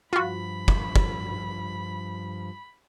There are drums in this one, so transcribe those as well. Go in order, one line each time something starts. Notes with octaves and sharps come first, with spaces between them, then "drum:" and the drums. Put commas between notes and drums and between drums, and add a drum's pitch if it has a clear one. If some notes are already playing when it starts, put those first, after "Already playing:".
G2 F3 F4 F#4 B5
drum: kick
drum: kick